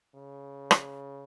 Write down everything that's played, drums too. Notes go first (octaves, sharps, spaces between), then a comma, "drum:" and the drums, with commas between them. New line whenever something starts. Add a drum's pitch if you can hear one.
C#3
drum: rim click